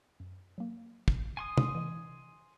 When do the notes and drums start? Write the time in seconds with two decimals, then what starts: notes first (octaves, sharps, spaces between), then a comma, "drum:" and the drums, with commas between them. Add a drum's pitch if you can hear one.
0.20 F#2
0.58 F#3 A#3
1.08 drum: kick
1.37 G#5 C6 D#6
1.57 drum: tom C3
1.75 E3 D#5